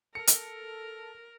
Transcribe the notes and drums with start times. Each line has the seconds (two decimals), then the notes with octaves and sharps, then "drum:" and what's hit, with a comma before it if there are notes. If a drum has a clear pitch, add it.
0.15 A4 A#4 C#7
0.27 drum: hi-hat